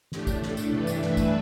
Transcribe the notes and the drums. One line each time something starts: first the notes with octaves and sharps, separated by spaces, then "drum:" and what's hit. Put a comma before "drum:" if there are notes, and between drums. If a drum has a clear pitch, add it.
A2 A3 D4 G4, drum: snare
drum: kick G#1, tambourine
A4, drum: snare
drum: tambourine
G2 E3 A3 D4 G4 B4, drum: tom C3
drum: tambourine
B4 E5, drum: snare
drum: kick G#1, tambourine